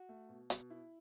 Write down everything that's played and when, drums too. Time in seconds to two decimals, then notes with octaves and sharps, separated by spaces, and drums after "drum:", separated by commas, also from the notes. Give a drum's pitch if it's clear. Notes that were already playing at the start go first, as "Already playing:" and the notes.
Already playing: F#4
0.09 A3
0.29 B2
0.50 B2, drum: hi-hat
0.70 E4